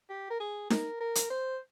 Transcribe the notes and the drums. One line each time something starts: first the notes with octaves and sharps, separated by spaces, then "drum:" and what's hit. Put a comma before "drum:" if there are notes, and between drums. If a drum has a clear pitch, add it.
G4
A#4
G#4
A#4, drum: snare D#4
A#4
drum: hi-hat
C5